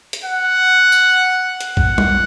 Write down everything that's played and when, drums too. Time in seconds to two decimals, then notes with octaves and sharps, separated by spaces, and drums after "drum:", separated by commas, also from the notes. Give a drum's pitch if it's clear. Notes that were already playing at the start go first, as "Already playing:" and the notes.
0.13 drum: hi-hat
0.25 F#5
0.92 drum: tambourine
1.61 drum: hi-hat
1.77 F#5, drum: kick A#1
1.98 drum: tom G3